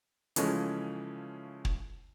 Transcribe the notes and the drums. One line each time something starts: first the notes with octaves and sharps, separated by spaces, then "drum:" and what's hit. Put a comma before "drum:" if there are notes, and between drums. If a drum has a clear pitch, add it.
C#3 E3 F3 G#3 A3 C#4, drum: hi-hat
drum: kick